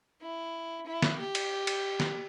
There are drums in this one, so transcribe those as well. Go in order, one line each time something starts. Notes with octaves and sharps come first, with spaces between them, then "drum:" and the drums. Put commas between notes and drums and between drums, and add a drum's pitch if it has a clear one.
E4
E4
drum: snare
G4
drum: cymbal
drum: cymbal
drum: snare